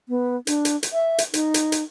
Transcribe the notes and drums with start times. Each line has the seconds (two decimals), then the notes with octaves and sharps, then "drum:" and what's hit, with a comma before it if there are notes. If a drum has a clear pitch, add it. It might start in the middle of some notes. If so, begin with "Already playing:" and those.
0.09 B3
0.47 D4, drum: hi-hat
0.65 drum: hi-hat
0.83 drum: hi-hat
0.93 E5
1.18 drum: hi-hat
1.34 D#4, drum: hi-hat
1.54 drum: hi-hat
1.72 drum: hi-hat